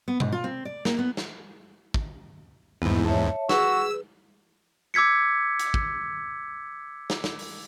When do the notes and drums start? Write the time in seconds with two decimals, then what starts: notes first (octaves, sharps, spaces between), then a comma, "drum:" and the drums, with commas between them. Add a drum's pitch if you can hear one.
0.08 B3
0.20 G#2, drum: tom B2
0.32 F4
0.44 C4
0.65 D5
0.85 A#3, drum: snare
0.99 B3
1.17 drum: snare
1.94 drum: kick
2.82 E2 G#2 B3 E4
3.05 C#5 E5 A5
3.49 F#4 G#4 B4 E6, drum: snare
4.94 D6 E6 G#6 B6 C#7
5.60 drum: hi-hat
5.74 drum: kick
7.10 drum: snare
7.24 drum: snare
7.39 drum: open hi-hat